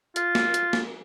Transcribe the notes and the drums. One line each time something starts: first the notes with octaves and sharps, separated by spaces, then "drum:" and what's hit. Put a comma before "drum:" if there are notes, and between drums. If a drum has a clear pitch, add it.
F4, drum: hi-hat
drum: snare
drum: hi-hat
drum: snare